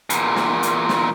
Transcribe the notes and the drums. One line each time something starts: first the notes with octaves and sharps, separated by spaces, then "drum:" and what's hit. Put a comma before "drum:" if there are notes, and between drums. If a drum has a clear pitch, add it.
E2 A#2, drum: hi-hat
drum: snare
drum: hi-hat
drum: snare